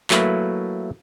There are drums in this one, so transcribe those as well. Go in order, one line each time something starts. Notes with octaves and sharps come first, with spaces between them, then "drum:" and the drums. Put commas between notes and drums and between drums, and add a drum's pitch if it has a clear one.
F#3 A3 A#3 E4 B4, drum: clap